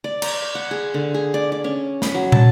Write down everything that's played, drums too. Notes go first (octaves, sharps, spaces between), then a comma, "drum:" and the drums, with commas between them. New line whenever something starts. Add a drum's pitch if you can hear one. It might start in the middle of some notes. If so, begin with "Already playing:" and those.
D5
A#5, drum: cymbal
F#5
G#4
D3
G#4
D5
D5
C#4
B5, drum: snare
F#3
A5, drum: tom